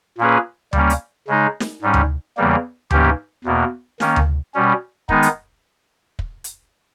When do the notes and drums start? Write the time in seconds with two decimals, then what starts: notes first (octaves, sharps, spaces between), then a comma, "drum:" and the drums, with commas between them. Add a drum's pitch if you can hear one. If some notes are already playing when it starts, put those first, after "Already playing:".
0.18 A#2 A#3 C#4 G#4 B4
0.73 G3 A#3 C#4, drum: tom D2
0.90 drum: hi-hat
1.27 C#3 G#3 D#4
1.60 drum: snare
1.82 G#2 G3 C#4
1.94 drum: tom D2
2.37 E2 C#3 E3 G3 A#3
2.91 G#2 E3 A#3 C#4 G4, drum: tom D2
3.45 E2 B2 A#3
4.00 D#3 A#3 C#4, drum: snare
4.16 drum: tom D2
4.54 B2 G3 C#4
5.09 D#3 G#3 B3 D#4, drum: kick
5.23 drum: hi-hat
6.19 drum: kick
6.44 drum: hi-hat